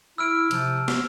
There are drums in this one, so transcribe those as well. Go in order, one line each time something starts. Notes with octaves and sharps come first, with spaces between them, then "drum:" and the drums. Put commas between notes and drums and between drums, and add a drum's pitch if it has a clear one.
E4 E6 F6 D7
C3 F3, drum: hi-hat
drum: snare